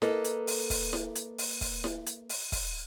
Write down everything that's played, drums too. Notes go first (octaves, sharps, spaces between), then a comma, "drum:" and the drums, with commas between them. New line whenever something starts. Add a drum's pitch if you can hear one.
A#3 A4 B4 D#5, drum: snare E4
drum: hi-hat
drum: open hi-hat
drum: kick, open hi-hat
drum: snare E4
drum: hi-hat
drum: open hi-hat
drum: kick, open hi-hat
drum: snare E4
drum: hi-hat
drum: open hi-hat
drum: kick, open hi-hat